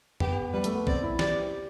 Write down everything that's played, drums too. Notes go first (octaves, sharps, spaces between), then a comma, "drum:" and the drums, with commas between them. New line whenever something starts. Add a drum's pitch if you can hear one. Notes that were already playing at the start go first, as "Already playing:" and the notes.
B3 G4, drum: tom F2
G3 B4
A3, drum: hi-hat
B3
C4 D5, drum: kick
E4
G4 D5, drum: snare